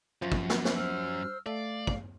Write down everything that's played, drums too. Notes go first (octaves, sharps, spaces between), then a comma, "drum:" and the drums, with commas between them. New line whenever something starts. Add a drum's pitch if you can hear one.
F#2 F3
drum: kick
drum: snare
drum: snare
C5 E6 F6
A3 D5 F5
drum: kick